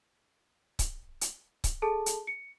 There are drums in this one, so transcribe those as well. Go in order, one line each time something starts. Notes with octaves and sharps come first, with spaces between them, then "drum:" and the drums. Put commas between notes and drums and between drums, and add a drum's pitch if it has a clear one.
drum: kick C#1, hi-hat
drum: hi-hat
drum: kick C#1, hi-hat
G#4 A4 A5
drum: hi-hat
C#7